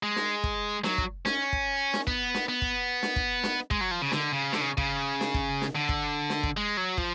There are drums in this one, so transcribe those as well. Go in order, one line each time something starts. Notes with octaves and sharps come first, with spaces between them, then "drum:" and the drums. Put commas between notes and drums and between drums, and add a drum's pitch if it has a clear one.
G#3
drum: snare
drum: kick
F#3, drum: snare
drum: kick
C#4, drum: snare
drum: kick
drum: snare
B3, drum: kick
drum: snare
B3
drum: kick
drum: snare
drum: kick
drum: snare
G#3, drum: kick
F#3
F3
C#3
D3, drum: snare
C#3
D3, drum: snare
C#3
C#3, drum: kick
drum: snare
drum: kick
drum: snare
D3
drum: kick
drum: snare
drum: kick
G#3
F#3
F3, drum: kick